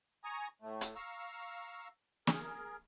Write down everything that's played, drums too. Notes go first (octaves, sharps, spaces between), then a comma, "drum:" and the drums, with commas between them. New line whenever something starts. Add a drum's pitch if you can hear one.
G#5 A#5 C#6 D#6
A2 A3
drum: hi-hat
F5 A#5 C#6 E6
G#4 A#4, drum: snare